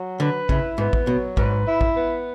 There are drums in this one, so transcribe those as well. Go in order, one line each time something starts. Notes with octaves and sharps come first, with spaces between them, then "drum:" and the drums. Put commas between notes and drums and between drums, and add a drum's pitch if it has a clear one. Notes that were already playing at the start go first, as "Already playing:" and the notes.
Already playing: F#3
D3 B4
C#3 E4, drum: kick
G#2 B3
drum: kick
B2 F#3
G#2 B4, drum: kick
E4
drum: kick
B3